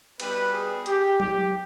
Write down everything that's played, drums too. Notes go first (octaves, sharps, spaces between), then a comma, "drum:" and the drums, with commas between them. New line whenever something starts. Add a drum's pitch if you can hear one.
G3 B3 G4 B4, drum: cymbal
G#4
G4, drum: hi-hat
G4, drum: tom F#3